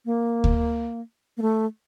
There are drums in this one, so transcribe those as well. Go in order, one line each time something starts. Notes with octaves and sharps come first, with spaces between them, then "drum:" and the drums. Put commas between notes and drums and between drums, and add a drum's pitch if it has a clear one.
A#3
drum: kick D2
A#3
A3